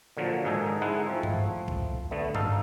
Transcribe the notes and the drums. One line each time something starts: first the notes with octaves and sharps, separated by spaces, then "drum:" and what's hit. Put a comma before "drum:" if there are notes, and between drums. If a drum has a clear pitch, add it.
A#2 D3 F3 F#3
G#2 D#3 D#4 G#4 A4 G#5
G#3 D#4 E4 F#5
F3 A3 C4
drum: tom G2
drum: kick B1
D3 A3 B3
D#4 A4 F5, drum: tom G2